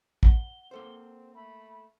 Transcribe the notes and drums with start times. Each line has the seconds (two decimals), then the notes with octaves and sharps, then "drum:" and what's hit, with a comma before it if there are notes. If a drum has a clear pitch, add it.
0.23 F#5 G7, drum: kick
0.71 A#3 C4 A4 C5
1.35 A3 B5